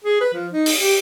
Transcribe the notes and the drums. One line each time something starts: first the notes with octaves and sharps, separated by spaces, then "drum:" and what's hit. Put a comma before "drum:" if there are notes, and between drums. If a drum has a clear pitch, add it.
G#4
B4
F3
D#4
drum: open hi-hat
G4